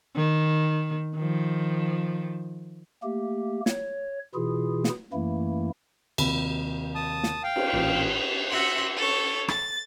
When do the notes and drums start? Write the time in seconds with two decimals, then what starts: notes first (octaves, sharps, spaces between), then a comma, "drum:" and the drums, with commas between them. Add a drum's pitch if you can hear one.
0.15 D#3
1.16 D#3 F3
3.03 A3 A#3 G4
3.66 C#5, drum: snare
4.34 B2 E3 E4 F4 G#4
4.84 drum: snare
5.13 F#2 E3 A3 A#3 E4
6.18 D#2 C3 B5, drum: cymbal
6.95 A5 D#6
7.23 drum: snare
7.43 F5 G5
7.56 drum: cymbal
7.72 A1 A#2
8.49 F#4 E5 F#5 C6
8.97 A4 C#5
9.48 A6, drum: rim click